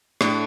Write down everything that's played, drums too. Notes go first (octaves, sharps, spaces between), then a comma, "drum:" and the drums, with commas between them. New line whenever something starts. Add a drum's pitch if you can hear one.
A2 A3 D4, drum: rim click